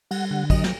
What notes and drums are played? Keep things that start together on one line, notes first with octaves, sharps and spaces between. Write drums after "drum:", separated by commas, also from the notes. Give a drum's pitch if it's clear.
G3 F#5, drum: cymbal
D3 F#5
F#3 D#5, drum: kick, cymbal
drum: snare